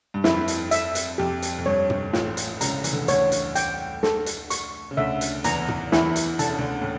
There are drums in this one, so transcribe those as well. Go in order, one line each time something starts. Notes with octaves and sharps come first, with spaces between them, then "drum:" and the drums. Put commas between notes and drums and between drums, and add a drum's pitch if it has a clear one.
G2
F2 E4, drum: snare
drum: hi-hat
E5, drum: hi-hat
drum: hi-hat
F2 G4
drum: hi-hat
F2
G2 C#5
drum: tom
A1 A2 F4, drum: snare
drum: hi-hat
C#2 C#3 A#5, drum: hi-hat
E3, drum: hi-hat
D3
C#3
D2 D3 C#5, drum: hi-hat
drum: hi-hat
G5, drum: hi-hat
A4, drum: snare
drum: hi-hat
C#6, drum: hi-hat
C#3
D2 D3 E5
drum: hi-hat
E2 E3 A#5, drum: hi-hat
drum: tom
E2 E3 E4, drum: snare
drum: hi-hat
D3 A5, drum: hi-hat
C#3
D2 D3
A2